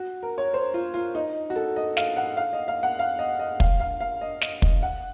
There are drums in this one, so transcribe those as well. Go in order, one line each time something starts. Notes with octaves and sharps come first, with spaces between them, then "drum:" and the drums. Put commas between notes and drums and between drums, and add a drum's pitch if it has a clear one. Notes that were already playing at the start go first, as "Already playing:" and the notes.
Already playing: F#4
A#4
C#5
C5
F4
F4
D#4
F#4
A4
D#5
F5, drum: snare
F#5
F5
D#5
F5
F#5
F5
D#5
D#5
F5, drum: kick
F5
F5
D#5
D#5, drum: snare
D#5, drum: kick
F#5